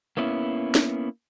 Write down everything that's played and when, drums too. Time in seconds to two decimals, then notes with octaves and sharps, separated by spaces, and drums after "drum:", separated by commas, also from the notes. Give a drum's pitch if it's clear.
0.17 A#3 B3 C#4 E4
0.75 drum: snare